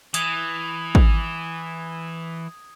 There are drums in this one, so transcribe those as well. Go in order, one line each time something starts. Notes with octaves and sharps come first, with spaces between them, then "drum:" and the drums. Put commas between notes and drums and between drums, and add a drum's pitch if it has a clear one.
E3 D#6 G#6 F7, drum: hi-hat
drum: kick